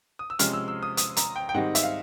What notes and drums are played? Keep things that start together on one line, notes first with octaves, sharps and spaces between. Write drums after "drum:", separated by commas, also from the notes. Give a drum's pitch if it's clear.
D#6
E6
C3 F3 G#3 C#4 F6, drum: hi-hat
E6
E6
D#6
D#6, drum: hi-hat
A#5, drum: hi-hat
G5
G5
G#2 D#3 G3 C4 D#4 F#5
E5, drum: hi-hat
F5